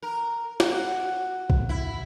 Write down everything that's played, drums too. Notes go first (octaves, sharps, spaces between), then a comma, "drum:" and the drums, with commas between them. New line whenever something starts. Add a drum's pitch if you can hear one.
A#4
F#4, drum: snare
drum: kick B1
E4